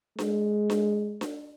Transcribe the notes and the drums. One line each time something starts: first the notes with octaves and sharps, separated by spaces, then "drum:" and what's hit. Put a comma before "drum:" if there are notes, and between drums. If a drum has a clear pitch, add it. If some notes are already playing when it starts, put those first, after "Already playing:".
G#3, drum: snare D4
drum: snare D4
drum: snare D4